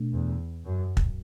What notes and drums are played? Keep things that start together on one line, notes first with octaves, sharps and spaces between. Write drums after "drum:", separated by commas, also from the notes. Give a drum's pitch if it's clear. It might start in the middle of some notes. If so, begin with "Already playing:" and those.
Already playing: B2 A3 D4
E2
F#2
drum: kick